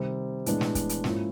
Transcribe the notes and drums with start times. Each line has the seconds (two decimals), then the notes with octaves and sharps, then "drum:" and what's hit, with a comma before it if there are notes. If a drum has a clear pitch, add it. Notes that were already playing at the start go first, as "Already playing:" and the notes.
Already playing: C3 D#3 G3 C4
0.46 A2 E3 G#3 B3 D4, drum: hi-hat
0.61 drum: snare
0.75 drum: kick, hi-hat
0.89 drum: hi-hat
1.04 G#2 F3 A#3 C#4 E4, drum: snare